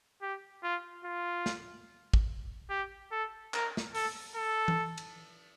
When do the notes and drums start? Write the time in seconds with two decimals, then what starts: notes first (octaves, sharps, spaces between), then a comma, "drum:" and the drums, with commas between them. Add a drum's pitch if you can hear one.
0.22 G4
0.63 F4
1.05 F4
1.46 drum: snare
2.14 drum: kick
2.70 G4
3.12 A4
3.54 A#4, drum: clap
3.77 drum: snare
3.95 A4, drum: open hi-hat
4.36 A4
4.68 drum: tom E3
4.98 drum: cymbal